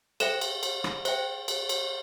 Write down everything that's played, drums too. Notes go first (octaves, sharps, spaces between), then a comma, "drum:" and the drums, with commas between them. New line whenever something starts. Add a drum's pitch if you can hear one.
A4 C5 E5 G5 E7, drum: cymbal
drum: cymbal
drum: cymbal
drum: rim click
C5 E5 G5, drum: cymbal
drum: cymbal
drum: cymbal